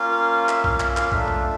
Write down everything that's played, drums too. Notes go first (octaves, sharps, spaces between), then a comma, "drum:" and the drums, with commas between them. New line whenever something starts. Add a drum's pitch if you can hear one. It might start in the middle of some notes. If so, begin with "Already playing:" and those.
Already playing: A#3 C#4 F4 F5
E5, drum: clap
F5, drum: kick B1
E5, drum: clap
F5, drum: clap
A3 D4 F4 E5, drum: kick B1
drum: tom E2